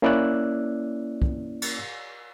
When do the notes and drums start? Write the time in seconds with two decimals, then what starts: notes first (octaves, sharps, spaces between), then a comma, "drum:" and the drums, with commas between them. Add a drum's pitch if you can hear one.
0.02 A#3 C#4 E4 D5 E6 F#6
1.22 drum: kick
1.62 drum: cymbal